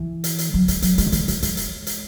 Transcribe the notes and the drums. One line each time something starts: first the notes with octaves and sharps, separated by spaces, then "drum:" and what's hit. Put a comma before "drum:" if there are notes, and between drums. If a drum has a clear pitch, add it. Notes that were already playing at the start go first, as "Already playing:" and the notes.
Already playing: E3
drum: hi-hat
drum: hi-hat
F#3
G#3, drum: hi-hat
F#3, drum: hi-hat
G#3, drum: hi-hat
D#3
E3, drum: hi-hat
E3, drum: hi-hat
G#3, drum: hi-hat
drum: hi-hat
drum: hi-hat